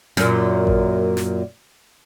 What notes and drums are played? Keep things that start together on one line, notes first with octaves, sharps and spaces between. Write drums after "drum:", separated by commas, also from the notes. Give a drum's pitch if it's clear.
F#2 A#2, drum: snare
drum: kick A1
drum: snare